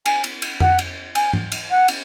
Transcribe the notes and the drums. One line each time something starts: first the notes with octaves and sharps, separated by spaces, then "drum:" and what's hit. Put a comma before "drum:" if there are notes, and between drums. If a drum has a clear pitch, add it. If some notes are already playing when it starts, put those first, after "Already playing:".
G#5, drum: cymbal
drum: cymbal
drum: cymbal
F#5, drum: tom F2
drum: cymbal
G#5, drum: cymbal
drum: tom G#2
drum: cymbal
F#5
drum: cymbal